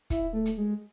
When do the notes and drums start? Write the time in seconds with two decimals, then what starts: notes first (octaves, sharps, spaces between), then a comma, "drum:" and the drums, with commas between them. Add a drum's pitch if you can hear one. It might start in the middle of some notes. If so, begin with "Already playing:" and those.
0.10 E4, drum: kick, hi-hat
0.33 A3
0.46 drum: hi-hat
0.57 G#3